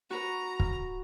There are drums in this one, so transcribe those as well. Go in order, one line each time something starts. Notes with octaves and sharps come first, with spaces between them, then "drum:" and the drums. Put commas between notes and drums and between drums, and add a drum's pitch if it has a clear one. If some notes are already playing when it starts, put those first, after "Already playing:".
F#4 B4 A#5
drum: kick